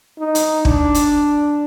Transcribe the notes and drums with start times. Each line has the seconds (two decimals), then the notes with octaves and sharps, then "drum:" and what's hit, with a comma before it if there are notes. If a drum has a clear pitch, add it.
0.19 D#4
0.35 drum: hi-hat
0.65 D4, drum: kick
0.95 drum: hi-hat